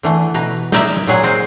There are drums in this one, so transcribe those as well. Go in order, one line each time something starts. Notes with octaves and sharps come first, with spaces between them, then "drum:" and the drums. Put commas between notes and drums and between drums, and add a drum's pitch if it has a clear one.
D3 E3 A3
B2 B4 A#5
D#4 E4 A#4 D5 E5, drum: snare
drum: tom
A#2 F#3 G#4 F#5
G#3 C4, drum: hi-hat